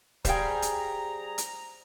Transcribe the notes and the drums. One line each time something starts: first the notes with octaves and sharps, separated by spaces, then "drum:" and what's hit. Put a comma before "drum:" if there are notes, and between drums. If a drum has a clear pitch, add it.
G3 G#4 C5 F5 G5 A#5, drum: kick, hi-hat
drum: hi-hat
drum: hi-hat